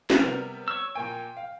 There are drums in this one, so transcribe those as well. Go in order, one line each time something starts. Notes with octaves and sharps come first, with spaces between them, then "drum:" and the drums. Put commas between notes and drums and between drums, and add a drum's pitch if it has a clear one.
drum: snare
C3 G3 B3 A#4
C#5 E6
A#2 A#3 G5 G#5
F5